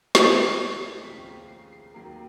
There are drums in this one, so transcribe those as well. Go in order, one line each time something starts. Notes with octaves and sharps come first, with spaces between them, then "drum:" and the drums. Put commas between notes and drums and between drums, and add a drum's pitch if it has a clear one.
C2 B2 G#3 C4 D#4 A#6, drum: snare
D#2 C#3 F3 A3 B6
C7
C7
D#2 D#3 F#3 A#3 C7